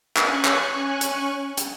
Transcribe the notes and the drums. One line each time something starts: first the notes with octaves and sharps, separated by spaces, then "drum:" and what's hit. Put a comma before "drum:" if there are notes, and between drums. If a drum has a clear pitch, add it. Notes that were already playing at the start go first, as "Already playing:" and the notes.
C#4 G#5 C#6 F#6, drum: clap
drum: clap
drum: hi-hat
drum: hi-hat